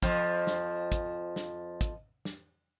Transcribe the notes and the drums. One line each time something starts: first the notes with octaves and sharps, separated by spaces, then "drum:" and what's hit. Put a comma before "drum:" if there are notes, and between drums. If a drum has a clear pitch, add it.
F2 F3, drum: kick, hi-hat
drum: snare
drum: kick, hi-hat
drum: snare
drum: kick, hi-hat
drum: snare